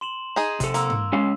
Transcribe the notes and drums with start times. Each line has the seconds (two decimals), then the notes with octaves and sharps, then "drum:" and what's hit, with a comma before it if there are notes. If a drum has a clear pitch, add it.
0.01 C6 E7 F#7
0.36 D#4 G#4
0.60 C3 A4, drum: kick, hi-hat
0.74 A#3 C6 E6, drum: hi-hat
0.90 drum: tom
1.13 G#3 C#4 F5